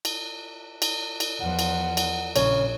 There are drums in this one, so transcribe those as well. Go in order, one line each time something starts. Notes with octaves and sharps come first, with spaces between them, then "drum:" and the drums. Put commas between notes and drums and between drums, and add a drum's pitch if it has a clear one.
drum: cymbal
drum: cymbal
drum: cymbal
E2 F3 F#5
drum: cymbal
drum: cymbal
A#1 C#3 C#5, drum: cymbal